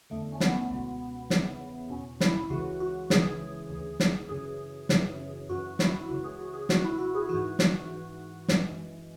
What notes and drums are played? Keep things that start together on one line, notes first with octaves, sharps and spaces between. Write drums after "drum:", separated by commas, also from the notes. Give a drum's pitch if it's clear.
E2 D3 A3
C#4
B3, drum: snare
C#2 B2
E2 C#3 E3, drum: snare
E2 B2 C#4
E4, drum: snare
C#2 C#3 E3 F#4
F#4
C#2 C#3 E3 G#4, drum: snare
D2 C#3 E3
drum: snare
F#2 C#3 E3 G#4
F#2 C#3 E3, drum: snare
F#2 E3 F#4
E4, drum: snare
C#2 C#3 E3 F#4
G#4
F#4
G#4
C#2 B2 F#4, drum: snare
E4
F#4
G#4
G#2 E3 F#4
drum: snare
G#2 E3
F#2 E3 G#3, drum: snare